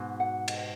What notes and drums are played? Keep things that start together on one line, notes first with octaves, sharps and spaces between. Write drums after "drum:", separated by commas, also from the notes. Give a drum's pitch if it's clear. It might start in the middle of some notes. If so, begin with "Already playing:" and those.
Already playing: G#2 B2 F#4
F#5
drum: cymbal